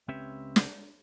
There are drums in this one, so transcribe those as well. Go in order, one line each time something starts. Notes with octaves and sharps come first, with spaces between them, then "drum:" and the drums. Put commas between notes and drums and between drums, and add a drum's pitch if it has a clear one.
C#2 C4 C#4 G4 B4 E5
drum: snare